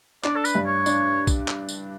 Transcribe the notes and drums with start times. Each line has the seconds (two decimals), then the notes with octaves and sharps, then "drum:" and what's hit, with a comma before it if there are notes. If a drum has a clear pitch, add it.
0.24 D4 D5, drum: clap
0.36 A4
0.45 B4, drum: tambourine
0.55 G2
0.66 C#5
0.86 D4, drum: tambourine
1.27 drum: kick, tambourine
1.48 drum: clap
1.69 drum: tambourine